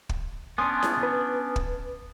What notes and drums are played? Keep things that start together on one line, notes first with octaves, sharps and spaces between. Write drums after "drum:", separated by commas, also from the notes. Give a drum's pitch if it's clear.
drum: kick
B3 C#4 D4 G#5 C6 D#6
drum: snare E4
B4
drum: kick